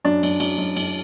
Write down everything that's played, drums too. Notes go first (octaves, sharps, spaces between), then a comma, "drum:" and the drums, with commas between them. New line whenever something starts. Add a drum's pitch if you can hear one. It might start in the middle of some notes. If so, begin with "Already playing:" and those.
F#2 D4
F#2, drum: cymbal
F#2, drum: cymbal
F#2
F#2, drum: cymbal